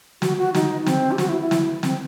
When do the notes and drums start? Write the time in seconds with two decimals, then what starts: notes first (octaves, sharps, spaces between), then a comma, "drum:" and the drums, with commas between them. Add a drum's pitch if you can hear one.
0.22 F#4, drum: snare
0.38 F#4
0.54 D#4, drum: snare
0.86 C4, drum: snare
1.12 G4
1.18 F#4, drum: snare
1.29 E4
1.40 E4
1.51 drum: snare
1.83 C4, drum: snare